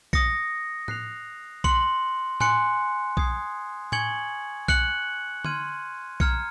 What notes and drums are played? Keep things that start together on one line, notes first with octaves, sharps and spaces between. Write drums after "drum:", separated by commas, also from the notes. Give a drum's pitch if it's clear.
D#6 A#6 C#7, drum: kick B1
F#6 C7 F7, drum: tom A2
C6 F#6 C#7 F#7, drum: kick B1
G#5 C6 F#6 C#7, drum: tom A2
D#6 G#6 C7, drum: kick B1
G#5 C#6 G#6 C#7 F#7, drum: tom A2
F#6 C#7 F#7, drum: kick B1
C6 F6 G#6 D#7, drum: tom D3
A#5 F6 G#6 C#7, drum: kick B1